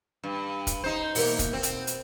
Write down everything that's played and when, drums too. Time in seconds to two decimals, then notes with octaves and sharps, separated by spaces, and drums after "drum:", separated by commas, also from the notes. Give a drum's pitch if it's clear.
0.24 G2
0.67 drum: kick, hi-hat
0.84 D#4 C5
1.15 B2 E3 A#3, drum: open hi-hat
1.39 drum: kick, hi-hat
1.53 B2 C4
1.63 drum: hi-hat
1.87 drum: hi-hat